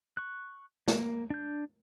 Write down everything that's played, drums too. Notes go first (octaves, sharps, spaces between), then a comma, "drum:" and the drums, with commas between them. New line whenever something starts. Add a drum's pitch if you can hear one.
C#6 F#6
A#3, drum: snare
D4 G6